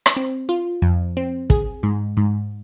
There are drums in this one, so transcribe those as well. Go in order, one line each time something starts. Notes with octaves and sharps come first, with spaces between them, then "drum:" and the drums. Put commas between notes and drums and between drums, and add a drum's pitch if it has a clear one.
drum: rim click
C4
F4
F2
C4
G#4, drum: kick
G#2
G#2